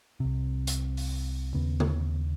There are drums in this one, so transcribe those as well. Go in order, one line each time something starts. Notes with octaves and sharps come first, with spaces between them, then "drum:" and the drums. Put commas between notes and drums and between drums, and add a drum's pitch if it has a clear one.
C2 C3
drum: hi-hat
drum: open hi-hat
D#2 C#3 B3
drum: tom C#3